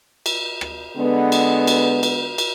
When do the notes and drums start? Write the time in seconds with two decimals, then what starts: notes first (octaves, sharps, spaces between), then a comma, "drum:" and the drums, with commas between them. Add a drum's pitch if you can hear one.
0.26 drum: cymbal
0.61 drum: rim click
0.97 D3 G#3 B3
1.32 drum: cymbal
1.67 drum: cymbal
2.03 drum: cymbal
2.38 drum: cymbal